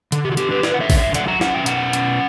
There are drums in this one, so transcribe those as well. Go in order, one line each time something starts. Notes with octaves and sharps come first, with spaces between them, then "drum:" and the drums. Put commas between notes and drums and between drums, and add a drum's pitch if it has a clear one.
D3, drum: hi-hat
G4
F#4
D3 G4, drum: hi-hat
G4 B4
D3 B4 D5, drum: snare
F#5
C#5 E5
D3, drum: kick A1, open hi-hat
C#5 E5
F#3 D5 F#5, drum: hi-hat
F#5 A#5
C#4 F#5 A#5, drum: snare
E5 G5
B2 F#5 A#5, drum: hi-hat
C#4, drum: hi-hat